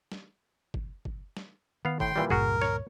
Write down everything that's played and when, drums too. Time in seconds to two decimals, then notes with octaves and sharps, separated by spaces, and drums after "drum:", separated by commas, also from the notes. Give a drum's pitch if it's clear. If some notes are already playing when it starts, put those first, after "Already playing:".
0.12 drum: snare
0.74 drum: kick
1.05 drum: kick
1.37 drum: snare
1.85 D#3 B3 F5
2.00 A2 G5 C6, drum: kick
2.16 A#2 E3 G3
2.30 C#2 G2 A#2 F#4 G#4 A#4, drum: kick
2.62 C#5, drum: snare